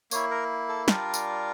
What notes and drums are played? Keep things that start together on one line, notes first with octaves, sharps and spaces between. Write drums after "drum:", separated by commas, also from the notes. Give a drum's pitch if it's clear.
A#3 E4 C#5, drum: tambourine
A#4
A4
G3 D4 F4 A#4, drum: snare
drum: tambourine